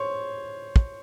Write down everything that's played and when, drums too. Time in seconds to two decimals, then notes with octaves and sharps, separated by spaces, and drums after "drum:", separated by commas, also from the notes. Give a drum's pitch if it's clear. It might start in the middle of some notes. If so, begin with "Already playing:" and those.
Already playing: C5 C#5
0.76 drum: kick